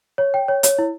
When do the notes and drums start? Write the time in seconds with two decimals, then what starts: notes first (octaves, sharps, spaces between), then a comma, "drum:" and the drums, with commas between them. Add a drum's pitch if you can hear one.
0.18 C#5
0.34 G5
0.48 C#5
0.63 C#5, drum: hi-hat
0.79 E4